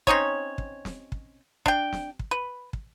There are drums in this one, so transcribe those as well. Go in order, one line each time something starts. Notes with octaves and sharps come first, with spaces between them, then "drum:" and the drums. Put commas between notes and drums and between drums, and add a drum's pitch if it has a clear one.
C4 C#4 D#4 C#5, drum: kick
drum: kick
drum: snare
drum: kick
D4 G5, drum: kick
drum: snare
drum: kick
B4
drum: kick